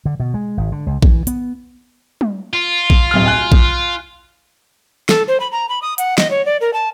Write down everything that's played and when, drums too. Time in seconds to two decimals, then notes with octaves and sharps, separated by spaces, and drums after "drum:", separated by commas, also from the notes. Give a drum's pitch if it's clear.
0.05 D3
0.20 B2
0.34 G#3
0.57 G#1
0.72 D3
0.86 C#2
1.02 E3, drum: kick A#1
1.27 B3, drum: hi-hat
2.21 drum: tom
2.53 F4
2.90 drum: kick A#1
3.11 D1 B1 F6
3.26 G#5 F#6
3.52 drum: kick A#1
5.09 A4, drum: snare
5.28 C5
5.40 B5
5.52 A#5
5.69 B5
5.82 D#6
5.98 F#5, drum: hi-hat
6.18 D#5, drum: snare
6.31 C#5
6.46 D5
6.61 A#4
6.74 A5